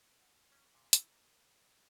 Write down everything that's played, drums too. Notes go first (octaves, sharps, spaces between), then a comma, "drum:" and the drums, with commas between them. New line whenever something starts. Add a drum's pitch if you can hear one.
F#5
C#4
A#2
E4, drum: hi-hat
A#3
C5